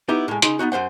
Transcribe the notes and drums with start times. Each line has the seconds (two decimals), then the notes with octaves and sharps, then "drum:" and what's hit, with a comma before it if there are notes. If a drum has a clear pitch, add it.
0.08 B3 D#4 E4 G4
0.28 A2 G#3
0.42 C#3 D#4 C6, drum: hi-hat
0.59 B3 C#4 D#4 F#4
0.72 F#2 A3 C5 F#5